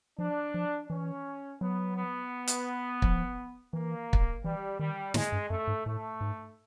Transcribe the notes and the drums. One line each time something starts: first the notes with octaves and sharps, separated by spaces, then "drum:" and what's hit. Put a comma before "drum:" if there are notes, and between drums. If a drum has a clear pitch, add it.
F3 D4
F3
E3 C#4
F#3 B3
B3
drum: hi-hat
F3, drum: kick
E3 A#3
drum: kick
E3 G3
D#3 G3
A2 G#3, drum: snare
G2
F#2 A3
G#2
A2 A3
G#2